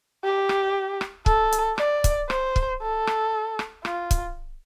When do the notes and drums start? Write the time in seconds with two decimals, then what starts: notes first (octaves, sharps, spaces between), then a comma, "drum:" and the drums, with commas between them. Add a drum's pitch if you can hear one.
0.24 G4
0.49 drum: rim click
1.01 drum: rim click
1.26 A4, drum: kick
1.52 drum: hi-hat
1.78 D5, drum: rim click
2.04 drum: kick, hi-hat
2.30 C5, drum: rim click
2.56 drum: kick
2.82 A4
3.07 drum: rim click
3.59 drum: rim click
3.85 F4, drum: rim click
4.11 drum: kick, hi-hat